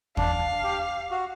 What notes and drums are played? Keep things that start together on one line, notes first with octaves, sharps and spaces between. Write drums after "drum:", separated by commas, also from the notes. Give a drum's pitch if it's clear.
D4 F5, drum: kick
G4
F#4